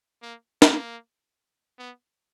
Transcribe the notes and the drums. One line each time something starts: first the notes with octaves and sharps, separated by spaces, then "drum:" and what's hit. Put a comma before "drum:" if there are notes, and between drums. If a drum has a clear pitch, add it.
A#3
A#3, drum: snare
B3